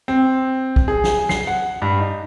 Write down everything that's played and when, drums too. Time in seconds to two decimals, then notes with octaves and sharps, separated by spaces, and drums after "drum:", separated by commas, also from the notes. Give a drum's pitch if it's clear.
0.08 C4
0.76 drum: kick
0.88 G#4
1.04 drum: snare
1.29 C7, drum: snare
1.47 F#5
1.82 G2
2.00 D#4